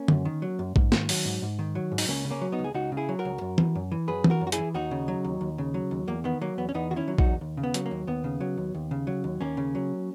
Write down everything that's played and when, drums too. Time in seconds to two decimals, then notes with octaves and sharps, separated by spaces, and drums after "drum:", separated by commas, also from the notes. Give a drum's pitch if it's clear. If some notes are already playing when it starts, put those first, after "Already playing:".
Already playing: A#3 C#4
0.08 F#2, drum: tom
0.25 D#3
0.42 F#3
0.59 F#2
0.76 G#2, drum: kick A#1
0.92 D#3, drum: snare
1.09 F#3, drum: open hi-hat
1.25 G#2
1.42 G#2
1.59 D#3
1.75 F#3
1.92 G#2
1.98 D#4, drum: open hi-hat
2.08 C#2 A#3 C#4
2.25 C#3
2.31 A#3 C#4
2.41 F#3
2.52 B3 D#4
2.59 C#2
2.64 G#4
2.74 C#2 D#4 F#4
2.92 C#3
2.97 E4 G#4
3.09 F#3
3.19 F#4 A#4
3.25 C#2
3.41 F#2
3.58 E3, drum: tom E3
3.75 F#2
3.92 E3
4.08 F#2 G#4 B4
4.24 E3, drum: tom E3
4.30 F#4 A#4
4.41 F#2
4.47 F#4
4.52 E4 G#4, drum: hi-hat
4.58 E3
4.74 D#2 D#4 F#4
4.91 C#3
5.08 F#3
5.25 D#2
5.41 D#2
5.58 C#3
5.74 F#3
5.91 D#2
6.07 E2 A#3
6.24 D#3 B3
6.41 F#3 A#3
6.58 E2 B3
6.69 C#4
6.74 E2 B3 D#4
6.91 D#3 F#4
6.96 C#4 E4
7.08 F#3
7.18 D#4 F#4, drum: kick A#1
7.25 E2
7.41 D#2
7.57 C#3
7.63 B3
7.74 F#3, drum: hi-hat
7.86 A#3
7.91 D#2
8.07 D#2 B3
8.24 C#3
8.41 F#3
8.58 D#2
8.75 D#2
8.91 C#3
9.07 F#3
9.24 D#2
9.41 D#2 A#3 C#4
9.57 C#3
9.75 F#3